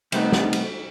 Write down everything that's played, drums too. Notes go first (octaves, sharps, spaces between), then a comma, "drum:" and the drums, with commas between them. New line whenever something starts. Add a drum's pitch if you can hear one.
C3 G3 A3 B3 D#4, drum: cymbal
drum: snare
drum: cymbal